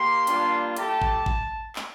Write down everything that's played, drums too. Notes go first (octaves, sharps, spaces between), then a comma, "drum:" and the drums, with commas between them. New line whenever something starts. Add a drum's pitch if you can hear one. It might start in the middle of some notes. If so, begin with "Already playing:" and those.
Already playing: A#3 G4 C6
G3 A#3 D4 F4, drum: hi-hat
A3 E4 G4 A5, drum: hi-hat
drum: kick A1
drum: kick A1
drum: clap